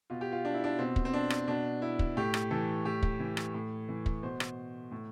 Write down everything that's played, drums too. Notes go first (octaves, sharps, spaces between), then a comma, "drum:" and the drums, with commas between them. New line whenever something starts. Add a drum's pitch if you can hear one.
B2 F4
G4
F4
D4
E4
D4
B2 C4
drum: kick
C4
D4
drum: rim click
B2 D4
E4
drum: kick
A2 G4
drum: rim click
E3 A4
A2 G4
drum: kick
E3
drum: rim click
A2
E3
drum: kick
B2 C5
drum: rim click
A2